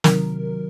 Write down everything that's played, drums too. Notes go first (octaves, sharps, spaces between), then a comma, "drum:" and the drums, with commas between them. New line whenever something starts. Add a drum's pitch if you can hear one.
C3 D#3 F#3 A#4, drum: snare